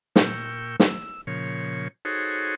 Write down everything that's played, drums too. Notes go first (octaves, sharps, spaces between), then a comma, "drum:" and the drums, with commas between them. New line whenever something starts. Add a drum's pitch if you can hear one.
A#2 G5 C#6 E6, drum: snare
E6, drum: snare
A#2 C#3 F3 C#5
D#4 F#4 G#4 A4 C5 C#5